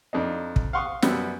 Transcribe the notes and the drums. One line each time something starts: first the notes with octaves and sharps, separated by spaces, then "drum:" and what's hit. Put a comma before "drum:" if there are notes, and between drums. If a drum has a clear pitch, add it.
F2 D4 D#4
drum: kick
F5 F#5 C6 C#6 D#6
F#2 C3 G3 B3, drum: snare